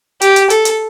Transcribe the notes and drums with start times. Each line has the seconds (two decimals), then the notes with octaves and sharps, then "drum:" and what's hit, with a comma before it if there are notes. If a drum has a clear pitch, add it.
0.21 G4, drum: hi-hat
0.36 drum: hi-hat
0.50 A4, drum: hi-hat
0.65 drum: hi-hat